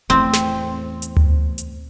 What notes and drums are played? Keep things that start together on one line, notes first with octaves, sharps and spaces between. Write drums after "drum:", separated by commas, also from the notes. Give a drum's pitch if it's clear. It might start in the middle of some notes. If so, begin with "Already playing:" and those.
E2 A2 C4
drum: snare
drum: hi-hat
drum: tom D2
drum: hi-hat